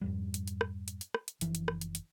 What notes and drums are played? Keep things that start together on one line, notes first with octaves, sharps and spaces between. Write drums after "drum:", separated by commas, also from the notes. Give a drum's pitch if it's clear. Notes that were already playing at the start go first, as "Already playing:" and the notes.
F2 G#2 G3
drum: hi-hat
drum: hi-hat
drum: rim click
drum: hi-hat
drum: hi-hat
drum: rim click
drum: hi-hat
F#1 E3 F3, drum: hi-hat
drum: hi-hat
drum: rim click
drum: hi-hat
drum: hi-hat